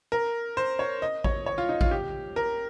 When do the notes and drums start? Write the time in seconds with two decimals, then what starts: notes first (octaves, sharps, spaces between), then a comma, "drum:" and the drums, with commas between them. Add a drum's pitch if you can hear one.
0.12 A#4
0.57 C5
0.79 C#5
1.02 D#5
1.24 C#5, drum: kick A1
1.46 C#5
1.58 F4
1.69 D#4
1.81 F4, drum: kick A1
1.91 G4
2.36 A#4